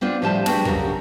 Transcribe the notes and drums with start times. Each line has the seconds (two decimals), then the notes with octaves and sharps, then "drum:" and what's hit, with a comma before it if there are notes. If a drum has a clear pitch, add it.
0.01 B3 C4 D4 F4
0.22 A2 F3 G3 C5 E5 A5
0.46 D4 F#4 G#4 B4 G5, drum: snare
0.65 F#2 C#3 E3 F#4 G4 A#4, drum: kick